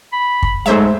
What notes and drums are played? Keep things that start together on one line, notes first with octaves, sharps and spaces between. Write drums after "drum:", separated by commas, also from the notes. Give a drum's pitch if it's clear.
B5
drum: kick
G#2 F#3 G#3 A3 C5 E5